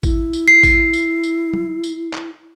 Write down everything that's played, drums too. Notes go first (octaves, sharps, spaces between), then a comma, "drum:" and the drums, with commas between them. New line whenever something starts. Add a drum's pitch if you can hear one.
E4, drum: kick G#1, tambourine
drum: tambourine
C7
drum: kick G#1, tambourine
drum: tambourine
drum: tambourine
drum: tom
drum: tambourine
drum: clap